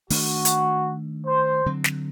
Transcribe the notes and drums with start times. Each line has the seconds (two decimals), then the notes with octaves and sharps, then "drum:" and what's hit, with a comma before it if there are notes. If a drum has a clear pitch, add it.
0.10 D#3 A3 D4 F#4, drum: open hi-hat
0.45 drum: hi-hat
1.27 C5
1.66 D3 F#3 C4
1.84 drum: snare